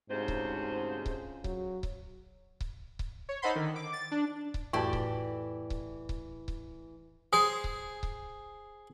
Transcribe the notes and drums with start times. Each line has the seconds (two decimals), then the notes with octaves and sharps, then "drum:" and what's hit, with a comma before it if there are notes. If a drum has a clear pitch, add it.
0.10 D2 G#2 C3 C#4 F4 G#4 C5
0.28 drum: kick C#1
1.06 drum: kick C#1
1.44 F#3, drum: kick C#1
1.83 drum: kick C#1
2.61 drum: kick C#1
2.99 drum: kick C#1
3.29 C#5
3.42 D#4 A4 C5 F#5 B5 C6
3.55 D3 D#3
3.76 D6
3.93 A6
4.11 D4
4.54 drum: kick C#1
4.73 F2 A2 E3 A3 E4 F#4 G4 D5
4.93 drum: kick C#1
5.70 drum: kick C#1
6.09 drum: kick C#1
6.48 drum: kick C#1
7.33 G#4 C5 G#5 D#6
7.64 drum: kick C#1
8.03 drum: kick C#1